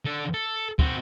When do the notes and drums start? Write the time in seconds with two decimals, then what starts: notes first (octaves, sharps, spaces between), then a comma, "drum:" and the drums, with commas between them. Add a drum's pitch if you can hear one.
0.05 D3 A4
0.34 A4
0.79 C4 F#4, drum: kick